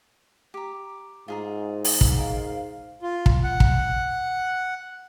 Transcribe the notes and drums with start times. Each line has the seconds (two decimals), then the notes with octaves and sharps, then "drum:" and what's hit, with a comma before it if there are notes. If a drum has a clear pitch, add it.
0.54 G4 A#5
1.28 G#2 F4 G#4 A#5
1.84 drum: open hi-hat
2.01 drum: kick
2.19 A#4 F5
3.02 F4
3.26 drum: kick
3.44 F#5
3.60 drum: kick